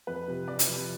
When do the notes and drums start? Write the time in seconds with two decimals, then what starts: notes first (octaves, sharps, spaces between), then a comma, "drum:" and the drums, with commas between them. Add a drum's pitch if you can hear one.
0.07 F2 B4
0.28 C3 F3
0.48 F2 D5
0.59 drum: hi-hat
0.68 C3 F3